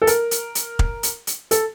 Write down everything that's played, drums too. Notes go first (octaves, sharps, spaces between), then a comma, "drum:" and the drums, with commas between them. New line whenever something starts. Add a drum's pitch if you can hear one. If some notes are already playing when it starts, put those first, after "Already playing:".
A4
A#4, drum: hi-hat
drum: hi-hat
drum: hi-hat
drum: kick
drum: hi-hat
drum: hi-hat
A4, drum: hi-hat